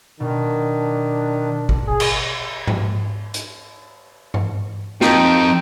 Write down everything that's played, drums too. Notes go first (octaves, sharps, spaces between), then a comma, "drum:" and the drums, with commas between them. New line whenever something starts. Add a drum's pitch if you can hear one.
B2 D#3 D4
drum: kick
G#4
drum: cymbal
drum: tom G#2
drum: hi-hat
drum: tom G2
F2 D#4 G5, drum: snare